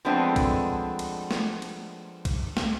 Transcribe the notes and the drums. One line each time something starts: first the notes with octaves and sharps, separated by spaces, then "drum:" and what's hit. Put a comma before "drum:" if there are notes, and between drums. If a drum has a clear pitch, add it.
F3 G#3 A3 B3 C4 D4
drum: kick B1, cymbal
drum: cymbal
drum: snare
drum: cymbal
drum: kick B1, cymbal
drum: snare